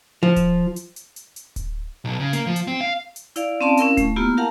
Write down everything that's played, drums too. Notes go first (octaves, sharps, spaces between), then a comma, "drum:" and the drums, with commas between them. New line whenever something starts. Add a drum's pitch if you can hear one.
F3
drum: kick D1, hi-hat
drum: hi-hat
drum: hi-hat
drum: hi-hat
drum: hi-hat
drum: kick D1, hi-hat
B1
C#3
A#3, drum: hi-hat
F3
drum: hi-hat
C4
F5
drum: hi-hat
E4 D5 F5, drum: hi-hat
C4 C#4 D5 F5 A5 C6
C#4 E4 A#4 F5, drum: hi-hat
A3, drum: kick D1, hi-hat
A#3 B3 E4 F4 G4
G4 A#4 F5 F#5 A5 A#5